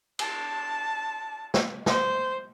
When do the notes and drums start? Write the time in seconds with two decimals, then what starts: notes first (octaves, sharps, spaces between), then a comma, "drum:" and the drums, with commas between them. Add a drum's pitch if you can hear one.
0.19 A5, drum: cymbal
1.54 drum: snare
1.86 C5, drum: snare